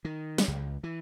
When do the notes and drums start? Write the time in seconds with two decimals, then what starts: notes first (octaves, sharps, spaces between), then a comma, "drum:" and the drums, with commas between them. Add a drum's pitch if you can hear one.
0.05 D#3
0.38 drum: snare
0.48 C#2
0.83 E3